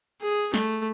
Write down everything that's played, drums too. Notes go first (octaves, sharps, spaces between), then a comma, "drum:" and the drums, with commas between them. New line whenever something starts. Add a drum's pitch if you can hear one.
G#4
A3, drum: snare